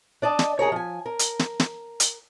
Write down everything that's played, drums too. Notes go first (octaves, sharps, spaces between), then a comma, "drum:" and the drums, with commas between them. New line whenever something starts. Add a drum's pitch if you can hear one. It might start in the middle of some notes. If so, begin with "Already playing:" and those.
D4 D5 D#5 A5
drum: snare
D#2 G#4 A#4 C#5
F3 G#5
A#4
drum: hi-hat
drum: snare
drum: snare
drum: hi-hat